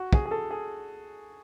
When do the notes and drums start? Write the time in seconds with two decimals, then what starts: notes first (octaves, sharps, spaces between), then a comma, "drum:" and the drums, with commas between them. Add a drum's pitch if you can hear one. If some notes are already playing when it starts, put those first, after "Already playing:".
Already playing: F#4
0.13 G#4, drum: kick
0.25 G#4
0.31 A4
0.51 G#4